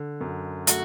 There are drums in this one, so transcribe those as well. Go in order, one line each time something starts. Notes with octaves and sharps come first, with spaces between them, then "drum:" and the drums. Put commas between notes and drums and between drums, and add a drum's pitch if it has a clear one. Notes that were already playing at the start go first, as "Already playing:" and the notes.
Already playing: D3
F#2
A3 F#4, drum: hi-hat